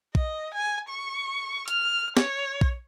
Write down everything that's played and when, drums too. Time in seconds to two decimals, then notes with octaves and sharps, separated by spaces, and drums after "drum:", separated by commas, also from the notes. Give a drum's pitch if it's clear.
0.15 D#5, drum: kick
0.54 G#5
0.89 C#6
1.68 F6, drum: hi-hat
2.17 C#5, drum: snare
2.61 drum: kick